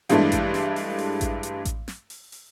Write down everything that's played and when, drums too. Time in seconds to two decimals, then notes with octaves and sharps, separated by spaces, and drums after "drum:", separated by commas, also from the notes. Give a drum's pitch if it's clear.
0.09 G2 E3 G#3 A3 D4, drum: hi-hat
0.32 drum: kick A1, hi-hat
0.54 drum: snare
0.76 drum: open hi-hat
0.99 drum: open hi-hat
1.21 drum: kick A1, hi-hat
1.43 drum: hi-hat
1.65 drum: kick A1, hi-hat
1.88 drum: snare
2.10 drum: open hi-hat
2.32 drum: open hi-hat